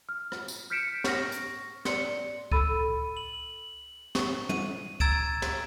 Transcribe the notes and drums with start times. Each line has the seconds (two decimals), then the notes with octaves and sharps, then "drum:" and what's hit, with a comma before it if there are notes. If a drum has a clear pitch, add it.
0.09 F6
0.32 drum: rim click
0.48 drum: tambourine
0.70 F6 G6 B6 C#7 D7 E7
1.04 C#6 F6 A#6, drum: snare
1.32 drum: hi-hat
1.85 D5 C6 C#7 G7, drum: snare
2.52 A4 B5 E6 A6 D#7, drum: kick C#2
3.17 F#7
4.15 C#6, drum: snare
4.49 D#7, drum: tom
5.00 A#5 E6 G#6 A6 D7 E7, drum: kick C#2
5.42 drum: snare